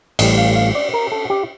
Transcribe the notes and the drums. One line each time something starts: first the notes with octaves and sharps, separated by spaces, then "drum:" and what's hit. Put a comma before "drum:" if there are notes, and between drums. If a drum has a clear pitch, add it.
A1 A2 G3 D#5, drum: cymbal
F5
F5
D5
A#4
A4
G4